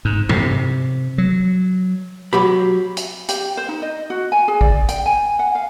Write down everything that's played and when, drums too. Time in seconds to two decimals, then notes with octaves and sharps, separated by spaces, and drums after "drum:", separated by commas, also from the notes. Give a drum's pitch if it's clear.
0.05 G#2
0.29 C3, drum: tom G2
1.18 F#3
2.33 F#3 G4 B5
2.97 drum: hi-hat
3.29 G4, drum: hi-hat
3.57 C5
3.69 D#4
3.82 D#5
4.10 F#4
4.32 G#5
4.48 G#4
4.61 D5, drum: kick
4.89 G5, drum: hi-hat
5.06 G#5
5.39 F#5
5.55 F5